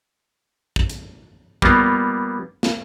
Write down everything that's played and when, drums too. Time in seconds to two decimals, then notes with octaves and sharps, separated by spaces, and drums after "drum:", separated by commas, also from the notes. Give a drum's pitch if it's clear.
0.76 drum: kick
0.90 drum: hi-hat
1.62 G3 A#3 B3 F4, drum: kick
2.63 drum: snare